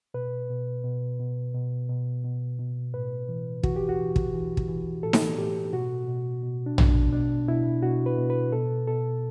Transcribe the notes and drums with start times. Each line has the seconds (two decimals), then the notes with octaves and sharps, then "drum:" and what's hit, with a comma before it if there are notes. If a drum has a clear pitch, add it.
0.14 B2 B4
0.50 B2
0.84 B2
1.20 B2
1.54 B2
1.89 B2
2.24 B2
2.59 B2
2.94 A2 B4
3.29 E3
3.63 E3 F#4, drum: kick
3.76 G4
3.89 F#4
3.99 E3
4.16 drum: kick
4.34 E3
4.57 drum: kick
4.68 E3
5.03 A2 A4
5.13 drum: snare D#4
5.38 A2 G4
5.73 B2 F#4
6.08 B2
6.43 B2
6.66 D4
6.78 B2, drum: tom A#1
6.89 D4
7.13 B2 D4
7.48 B2 E4
7.82 B2 F#4
8.06 B4
8.18 B2
8.30 B4
8.52 B2 A4
8.87 B2 A4